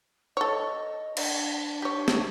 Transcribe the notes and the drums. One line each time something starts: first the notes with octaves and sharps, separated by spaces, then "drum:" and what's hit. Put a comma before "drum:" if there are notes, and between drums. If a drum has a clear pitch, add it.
A4 C#5 D#5
D4, drum: cymbal
G4 C#5
drum: snare